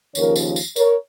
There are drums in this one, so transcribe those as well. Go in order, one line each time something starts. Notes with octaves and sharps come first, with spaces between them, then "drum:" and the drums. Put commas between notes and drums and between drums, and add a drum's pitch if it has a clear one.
D#2 C#3 F3 A#4 C#5, drum: tambourine
drum: tambourine
drum: tambourine
A#4 C#5, drum: tambourine